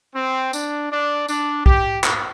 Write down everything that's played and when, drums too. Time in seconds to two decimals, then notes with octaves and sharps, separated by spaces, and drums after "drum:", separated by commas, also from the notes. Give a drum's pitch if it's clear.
0.15 C4
0.53 D4, drum: tambourine
0.91 D4
1.28 D4, drum: tambourine
1.66 G4, drum: kick
2.04 drum: clap